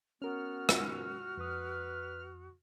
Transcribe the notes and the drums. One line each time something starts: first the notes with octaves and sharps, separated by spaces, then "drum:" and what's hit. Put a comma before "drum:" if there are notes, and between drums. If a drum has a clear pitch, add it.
B3 C#4 F#4 A#4 F6
drum: rim click
F2 B4 D#6